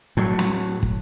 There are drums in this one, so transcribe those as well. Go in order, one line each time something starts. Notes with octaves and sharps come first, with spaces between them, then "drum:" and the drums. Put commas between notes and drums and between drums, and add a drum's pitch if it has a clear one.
A2 F#3
drum: snare
drum: kick